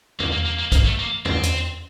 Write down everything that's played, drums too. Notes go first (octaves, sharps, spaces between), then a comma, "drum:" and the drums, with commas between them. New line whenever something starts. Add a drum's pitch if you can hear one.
A#3, drum: tom E2
A#3
A#3
A#3
A#3, drum: kick, hi-hat
A3
A#3
C4, drum: tom E2
drum: hi-hat